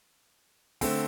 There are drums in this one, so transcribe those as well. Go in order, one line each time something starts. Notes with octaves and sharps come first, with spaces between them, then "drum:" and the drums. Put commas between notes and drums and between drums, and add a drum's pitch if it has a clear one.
D3 A3 C4, drum: kick, open hi-hat